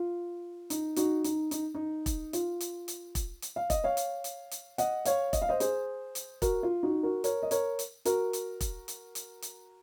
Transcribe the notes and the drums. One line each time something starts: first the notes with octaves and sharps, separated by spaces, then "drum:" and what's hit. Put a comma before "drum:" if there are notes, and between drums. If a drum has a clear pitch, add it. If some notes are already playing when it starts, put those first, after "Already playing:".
Already playing: F4
D#4, drum: hi-hat
D#4 F#4, drum: hi-hat
D#4, drum: hi-hat
D#4, drum: hi-hat
D#4
drum: kick E1, hi-hat
F4, drum: hi-hat
drum: hi-hat
drum: hi-hat
drum: kick E1, hi-hat
drum: hi-hat
F5
D#5, drum: kick E1, hi-hat
C#5 F5
drum: hi-hat
drum: hi-hat
drum: hi-hat
D#5 F#5, drum: hi-hat
C#5 F5, drum: hi-hat
D#5, drum: kick E1, hi-hat
F5
C5 D#5
G#4 C5, drum: hi-hat
drum: hi-hat
F#4 A#4, drum: kick E1, hi-hat
F4
D#4 F#4
F#4 A#4
A#4 C#5, drum: hi-hat
D#5
A#4 C#5, drum: hi-hat
drum: hi-hat
F#4 A#4, drum: hi-hat
drum: hi-hat
drum: kick E1, hi-hat
drum: hi-hat
drum: hi-hat
drum: hi-hat